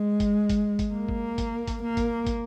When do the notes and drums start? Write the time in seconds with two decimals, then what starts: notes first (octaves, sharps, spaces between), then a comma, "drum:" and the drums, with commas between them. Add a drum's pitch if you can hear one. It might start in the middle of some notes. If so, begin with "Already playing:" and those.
Already playing: G#3
0.20 drum: kick, hi-hat
0.50 drum: kick, hi-hat
0.79 drum: kick, hi-hat
0.94 A#3
1.09 drum: kick
1.38 drum: kick, hi-hat
1.68 drum: kick, hi-hat
1.83 A#3
1.97 drum: kick, hi-hat
2.27 drum: kick, hi-hat